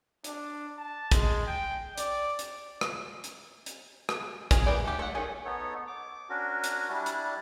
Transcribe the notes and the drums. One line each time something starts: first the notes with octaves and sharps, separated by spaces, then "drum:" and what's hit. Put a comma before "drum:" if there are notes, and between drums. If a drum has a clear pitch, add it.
D4, drum: hi-hat
A5
G#3, drum: kick, hi-hat
G5
D5, drum: hi-hat
drum: hi-hat
drum: rim click
drum: hi-hat
drum: hi-hat
drum: rim click
G#4, drum: kick, hi-hat
A#3 B3 E4 D5 G5
A3 G4
A3 F#5
D#3 A3 C#4 G#4
B3 D#4 A4 C#5
D6
C#4 D4 F#4 A#4
drum: hi-hat
G3 D4 E4 A5
drum: hi-hat